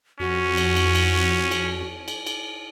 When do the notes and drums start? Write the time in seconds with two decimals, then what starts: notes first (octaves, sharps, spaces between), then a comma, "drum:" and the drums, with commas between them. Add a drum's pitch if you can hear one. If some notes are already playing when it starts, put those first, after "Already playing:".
0.20 F2 C#4 F#4
0.57 drum: cymbal
0.76 drum: cymbal
0.95 drum: cymbal
1.51 drum: cymbal
2.08 drum: cymbal
2.26 drum: cymbal